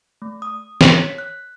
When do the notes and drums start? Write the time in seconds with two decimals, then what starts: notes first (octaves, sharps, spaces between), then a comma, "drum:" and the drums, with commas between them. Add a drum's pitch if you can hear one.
0.22 A3
0.42 D#6
0.81 C#5, drum: snare
1.01 B6
1.18 F#6